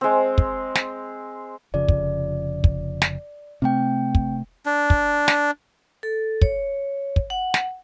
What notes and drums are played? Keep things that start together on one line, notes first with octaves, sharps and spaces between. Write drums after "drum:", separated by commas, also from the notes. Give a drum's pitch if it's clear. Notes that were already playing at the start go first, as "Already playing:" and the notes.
G#3 C4
drum: kick
drum: snare
F1 C#3 F3 D5
drum: kick
drum: kick
drum: snare
C3 A3 C4 G5
drum: kick
D4
drum: kick
drum: snare
A4
C#5, drum: kick
drum: kick
F#5
drum: snare